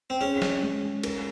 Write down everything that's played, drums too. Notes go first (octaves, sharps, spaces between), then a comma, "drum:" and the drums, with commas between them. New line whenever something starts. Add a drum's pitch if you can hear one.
C4
C#4 G#4
drum: snare
G#3
A#4, drum: cymbal